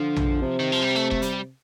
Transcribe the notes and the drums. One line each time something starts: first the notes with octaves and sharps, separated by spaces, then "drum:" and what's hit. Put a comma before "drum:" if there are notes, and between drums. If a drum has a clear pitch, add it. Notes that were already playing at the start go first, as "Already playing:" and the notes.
Already playing: D3 F3
drum: tom A#1
C3
D#3
F3
G3
A3
A3, drum: kick F1
G3, drum: hi-hat